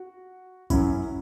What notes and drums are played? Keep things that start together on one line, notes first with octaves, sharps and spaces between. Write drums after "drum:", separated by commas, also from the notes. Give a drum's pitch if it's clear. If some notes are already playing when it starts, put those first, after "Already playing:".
Already playing: F#4
F#2 F#3 C#4 E4, drum: kick, tambourine